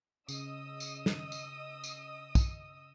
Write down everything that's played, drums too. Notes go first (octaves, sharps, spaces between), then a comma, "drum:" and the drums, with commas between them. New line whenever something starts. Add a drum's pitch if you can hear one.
C#3 D#5 D#6 E6, drum: tambourine
drum: tambourine
drum: snare
drum: tambourine
drum: tambourine
drum: kick, tambourine